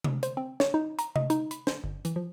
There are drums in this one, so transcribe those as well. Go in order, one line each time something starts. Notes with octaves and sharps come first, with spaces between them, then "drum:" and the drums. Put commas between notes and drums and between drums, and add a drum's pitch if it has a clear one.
drum: tom C3
C5, drum: hi-hat
C4
C#5, drum: snare
D#4
A#5, drum: hi-hat
D#5, drum: tom C3
D#4, drum: hi-hat
B5, drum: hi-hat
C5, drum: snare
G1
E3, drum: hi-hat
F3